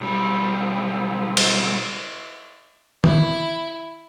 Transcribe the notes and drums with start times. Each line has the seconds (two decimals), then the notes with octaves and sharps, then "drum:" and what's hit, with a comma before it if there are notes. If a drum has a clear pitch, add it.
0.01 B1 G3
1.37 drum: cymbal
3.04 E4, drum: tom D#3